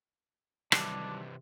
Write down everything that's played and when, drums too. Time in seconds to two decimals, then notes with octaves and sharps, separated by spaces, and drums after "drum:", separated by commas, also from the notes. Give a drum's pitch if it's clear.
0.72 C3 D#3 E3 F#3 G3 D4, drum: rim click